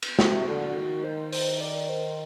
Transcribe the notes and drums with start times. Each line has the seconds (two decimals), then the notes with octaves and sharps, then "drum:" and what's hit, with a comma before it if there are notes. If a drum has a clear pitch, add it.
0.02 drum: cymbal
0.19 C3 F#4, drum: snare
0.47 D3
0.75 D#3
1.04 C5
1.32 C5, drum: open hi-hat
1.61 D5
1.89 C5